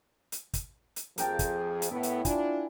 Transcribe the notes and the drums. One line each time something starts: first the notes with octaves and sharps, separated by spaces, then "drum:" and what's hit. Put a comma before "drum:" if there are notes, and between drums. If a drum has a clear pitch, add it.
drum: hi-hat
drum: kick, hi-hat
drum: hi-hat
F2 F3 G#4 A#4 G5 A5, drum: hi-hat
drum: kick, hi-hat
drum: hi-hat
A2 B3 E4
drum: hi-hat
D4 F4 G#5, drum: kick, hi-hat